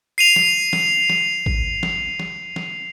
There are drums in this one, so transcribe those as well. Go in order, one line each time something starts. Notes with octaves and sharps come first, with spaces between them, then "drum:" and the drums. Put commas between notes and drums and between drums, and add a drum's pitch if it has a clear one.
C7 D#7 F7
drum: snare
drum: snare
drum: snare
drum: kick
drum: snare
drum: snare
drum: snare